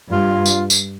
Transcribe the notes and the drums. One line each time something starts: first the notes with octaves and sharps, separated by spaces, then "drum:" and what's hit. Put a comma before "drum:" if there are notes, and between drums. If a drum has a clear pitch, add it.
G2 F4
drum: tambourine
drum: tambourine